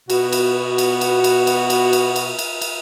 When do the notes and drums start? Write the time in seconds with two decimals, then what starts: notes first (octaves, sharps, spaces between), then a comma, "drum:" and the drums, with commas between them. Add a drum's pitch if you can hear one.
0.10 B2 B3 F#4, drum: cymbal
0.32 drum: cymbal
0.78 drum: cymbal
1.01 drum: cymbal
1.24 drum: cymbal
1.47 drum: cymbal
1.70 drum: cymbal
1.93 drum: cymbal
2.16 drum: cymbal
2.39 drum: cymbal
2.61 drum: cymbal